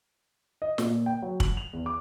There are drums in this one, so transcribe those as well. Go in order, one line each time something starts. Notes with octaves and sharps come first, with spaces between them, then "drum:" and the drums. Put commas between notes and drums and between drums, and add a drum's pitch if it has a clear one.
D#5
A#2, drum: snare
G5
F#3
F#7, drum: kick
F7
E2
D6